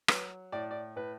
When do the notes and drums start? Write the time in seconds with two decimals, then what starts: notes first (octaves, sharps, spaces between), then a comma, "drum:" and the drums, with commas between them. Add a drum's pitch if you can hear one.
0.08 F#3 B4, drum: rim click
0.52 A2 D5
0.71 D5
0.96 A2 B4